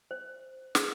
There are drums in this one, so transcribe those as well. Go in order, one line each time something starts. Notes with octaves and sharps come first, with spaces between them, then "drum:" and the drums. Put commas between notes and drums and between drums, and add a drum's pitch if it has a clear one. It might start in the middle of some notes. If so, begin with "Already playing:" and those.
C5
G#4, drum: snare